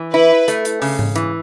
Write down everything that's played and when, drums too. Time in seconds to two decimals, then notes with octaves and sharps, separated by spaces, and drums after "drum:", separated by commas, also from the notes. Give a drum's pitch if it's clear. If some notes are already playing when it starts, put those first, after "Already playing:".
Already playing: E3
0.14 E4 B4
0.48 A3, drum: hi-hat
0.65 drum: hi-hat
0.82 C#3, drum: open hi-hat
0.99 drum: tom G#2
1.16 E3, drum: hi-hat